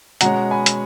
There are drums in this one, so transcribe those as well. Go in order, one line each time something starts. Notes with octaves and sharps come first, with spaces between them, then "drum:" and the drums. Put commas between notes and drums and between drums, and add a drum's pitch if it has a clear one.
B2 G#3 C#4 F#5 A#5, drum: hi-hat
G#5 B5
drum: hi-hat